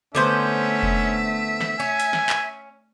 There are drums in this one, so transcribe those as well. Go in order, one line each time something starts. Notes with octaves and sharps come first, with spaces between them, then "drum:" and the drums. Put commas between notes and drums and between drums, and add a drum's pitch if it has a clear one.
D3 A3 B3 C#4 C5 E5
drum: kick F1
drum: snare
C#4 G#5
drum: hi-hat
drum: snare
drum: clap